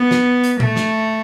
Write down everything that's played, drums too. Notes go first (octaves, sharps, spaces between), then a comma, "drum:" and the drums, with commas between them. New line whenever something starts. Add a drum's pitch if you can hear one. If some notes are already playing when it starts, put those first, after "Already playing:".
Already playing: B3
drum: snare
drum: hi-hat
A3, drum: tom
drum: snare